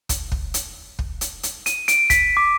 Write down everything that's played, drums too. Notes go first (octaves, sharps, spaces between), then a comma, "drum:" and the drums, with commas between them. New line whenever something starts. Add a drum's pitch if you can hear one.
drum: kick, hi-hat
drum: kick
drum: hi-hat
drum: kick
drum: hi-hat
drum: hi-hat
D#7, drum: hi-hat
D7, drum: hi-hat
B6, drum: kick, hi-hat
D6